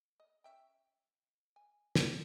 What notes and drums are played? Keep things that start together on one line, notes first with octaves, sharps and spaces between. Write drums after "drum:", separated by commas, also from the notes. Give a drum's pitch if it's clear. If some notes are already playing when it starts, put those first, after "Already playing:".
D#5
C#4 E5 G5
G#5
drum: snare